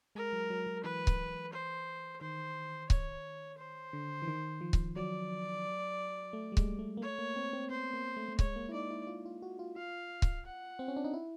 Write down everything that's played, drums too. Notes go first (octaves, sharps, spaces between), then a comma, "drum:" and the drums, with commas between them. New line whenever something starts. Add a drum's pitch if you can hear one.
G#3 A#4
F#3
F#3
F#3
E3 B4
drum: kick C#1
C5
D#3 C5
C#5, drum: kick C#1
C5
D3
E3
D#3
F3
drum: kick C#1
F#3 D5
A3
G3
G#3, drum: kick C#1
A3
A#3
A3 C#5
A#3
C4
C4
B3 C5
A#3
A3
A3
G#3 C#5, drum: kick C#1
A#3
E4
D#4 D5
E4
F4
F4
F#4
F4
F4 F5
drum: kick C#1
F#5
C4
C#4
D4
D#4
E4